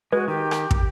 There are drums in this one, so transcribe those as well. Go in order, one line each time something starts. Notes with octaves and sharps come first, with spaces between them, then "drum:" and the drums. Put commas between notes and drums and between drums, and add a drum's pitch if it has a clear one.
G#3 F#4 B4
D#3 G4
drum: rim click
drum: kick